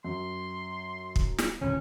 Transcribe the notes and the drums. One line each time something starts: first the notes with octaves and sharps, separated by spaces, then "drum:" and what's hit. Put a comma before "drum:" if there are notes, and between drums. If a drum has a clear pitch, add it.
F#2 C6
drum: kick
drum: snare
D1 C#2 D3 C#4